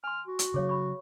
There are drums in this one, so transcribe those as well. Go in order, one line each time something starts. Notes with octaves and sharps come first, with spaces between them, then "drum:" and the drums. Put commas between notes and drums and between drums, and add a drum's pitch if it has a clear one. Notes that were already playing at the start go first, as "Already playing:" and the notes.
G#5 C6 F6
F#4
drum: hi-hat
C#3 F#3 G#4 C#5 F5
B5 C#6